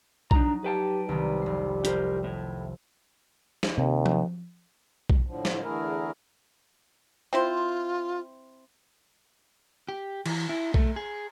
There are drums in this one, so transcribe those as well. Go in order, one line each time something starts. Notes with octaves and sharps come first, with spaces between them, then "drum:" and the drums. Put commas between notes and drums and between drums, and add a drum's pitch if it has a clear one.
F#3 D4 D#4 A#5, drum: kick B1
G4 B4 G5 A5
C2 D#3 G3
F1 C7
G4 A#4 C5, drum: hi-hat
A2
drum: snare
D#2 C3
drum: tom F3
drum: kick B1
A2 D3 F3
drum: snare
E2 D3 A3 E4 G#4 A#4
C4 E4 F4 C5
G4
E3, drum: cymbal
E4
A3, drum: kick B1
G#4